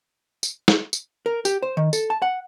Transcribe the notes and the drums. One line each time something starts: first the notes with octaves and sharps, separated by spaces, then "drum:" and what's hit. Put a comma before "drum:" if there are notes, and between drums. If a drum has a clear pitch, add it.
drum: tambourine
drum: snare
drum: tambourine
A#4
G4, drum: tambourine
C5
D#3
A4, drum: tambourine
A5
F#5